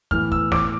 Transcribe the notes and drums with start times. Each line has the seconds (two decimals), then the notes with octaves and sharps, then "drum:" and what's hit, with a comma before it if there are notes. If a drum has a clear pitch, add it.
0.11 A2 E3 B3 F6, drum: kick
0.32 E6, drum: kick
0.52 D6, drum: snare